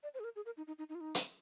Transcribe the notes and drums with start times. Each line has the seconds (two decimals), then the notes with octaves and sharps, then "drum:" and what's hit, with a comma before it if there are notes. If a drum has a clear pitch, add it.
0.03 D5
0.14 C5
0.20 G#4
0.24 A#4
0.36 G#4
0.46 A#4
0.57 D#4
0.67 D#4
0.79 D#4
0.89 D#4
0.95 F4
1.01 D#4
1.15 drum: hi-hat